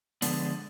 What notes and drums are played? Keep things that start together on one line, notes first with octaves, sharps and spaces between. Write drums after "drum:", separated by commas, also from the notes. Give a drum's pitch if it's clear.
D3 F3 G#3 B3 D4, drum: open hi-hat